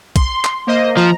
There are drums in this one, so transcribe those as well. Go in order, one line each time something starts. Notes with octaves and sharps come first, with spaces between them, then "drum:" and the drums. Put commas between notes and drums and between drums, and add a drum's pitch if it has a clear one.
C6, drum: kick, hi-hat
drum: clap
A#3 C5 D#5
F3 A#5